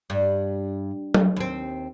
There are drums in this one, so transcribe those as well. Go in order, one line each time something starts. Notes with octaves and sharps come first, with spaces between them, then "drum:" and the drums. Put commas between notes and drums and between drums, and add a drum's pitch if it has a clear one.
G2
drum: tom F#3
D#2 C4